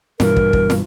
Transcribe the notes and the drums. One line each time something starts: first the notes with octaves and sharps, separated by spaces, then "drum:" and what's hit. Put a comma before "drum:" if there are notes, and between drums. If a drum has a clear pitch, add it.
G2 B2 E3 A#4, drum: snare
drum: kick
drum: kick
drum: snare